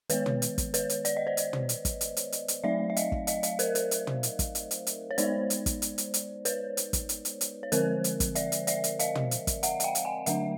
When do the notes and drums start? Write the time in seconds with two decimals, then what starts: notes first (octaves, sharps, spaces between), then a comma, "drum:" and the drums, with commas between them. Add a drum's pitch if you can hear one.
0.09 D#3 G#3 B3 B4 C#5, drum: hi-hat
0.26 drum: tom
0.42 drum: hi-hat
0.58 drum: kick, hi-hat
0.74 B4 C#5, drum: hi-hat
0.89 drum: hi-hat
1.05 D5, drum: hi-hat
1.17 D#5
1.27 C5 D5
1.37 drum: hi-hat
1.53 drum: tom
1.69 drum: hi-hat
1.85 drum: kick, hi-hat
2.01 drum: hi-hat
2.17 drum: hi-hat
2.32 drum: hi-hat
2.48 drum: hi-hat
2.64 F#3 A3 C4 D#4 D5 E5
2.90 E5
2.97 D#5 F5, drum: hi-hat
3.12 drum: kick
3.27 D#5 F5, drum: hi-hat
3.43 D#5 F5, drum: hi-hat
3.59 A#4 C5, drum: hi-hat
3.75 A#4 C5, drum: hi-hat
3.91 drum: hi-hat
4.07 drum: tom
4.23 drum: hi-hat
4.39 drum: kick, hi-hat
4.55 drum: hi-hat
4.71 drum: hi-hat
4.87 drum: hi-hat
5.11 C#5
5.18 G#3 B3 D#4 C5 D5, drum: hi-hat
5.50 drum: hi-hat
5.66 drum: kick, hi-hat
5.82 drum: hi-hat
5.98 drum: hi-hat
6.14 drum: hi-hat
6.45 B4 C#5, drum: hi-hat
6.77 drum: hi-hat
6.93 drum: kick, hi-hat
7.09 drum: hi-hat
7.25 drum: hi-hat
7.41 drum: hi-hat
7.63 C#5
7.72 D3 F3 G#3 C4 A#4 C5, drum: hi-hat
8.04 drum: hi-hat
8.20 drum: kick, hi-hat
8.35 D5 E5, drum: hi-hat
8.52 drum: hi-hat
8.67 D5 E5, drum: hi-hat
8.84 drum: hi-hat
8.99 D#5 F5, drum: hi-hat
9.15 drum: tom
9.31 drum: hi-hat
9.47 drum: kick, hi-hat
9.63 E5 F#5, drum: hi-hat
9.80 F#5, drum: hi-hat
9.84 F5 G5
9.95 drum: hi-hat
10.05 F#5 G#5
10.26 D3 F#3 A3 D4 E5 F#5, drum: hi-hat